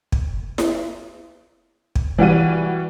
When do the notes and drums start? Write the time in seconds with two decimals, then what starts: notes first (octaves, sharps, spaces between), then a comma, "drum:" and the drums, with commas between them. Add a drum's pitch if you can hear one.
0.12 drum: kick
0.58 drum: snare E4
1.96 drum: kick
2.18 E3 G3 F#4 D#7